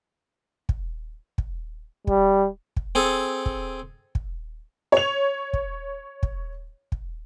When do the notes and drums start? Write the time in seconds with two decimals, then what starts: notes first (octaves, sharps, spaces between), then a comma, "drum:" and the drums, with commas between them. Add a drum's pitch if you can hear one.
0.69 drum: kick
1.38 drum: kick
2.07 G3, drum: kick
2.77 drum: kick
2.95 C4 G#4 A4
3.46 drum: kick
4.15 drum: kick
4.92 C#5 F7
5.53 drum: kick
6.23 drum: kick
6.92 drum: kick